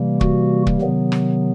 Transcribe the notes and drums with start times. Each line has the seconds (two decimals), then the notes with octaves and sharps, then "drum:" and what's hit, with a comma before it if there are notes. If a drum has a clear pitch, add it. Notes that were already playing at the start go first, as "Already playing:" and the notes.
Already playing: C3 E3 G3 A#3
0.21 F#4, drum: kick
0.67 drum: kick
0.81 C3 D#3 F#3 B3
1.12 drum: rim click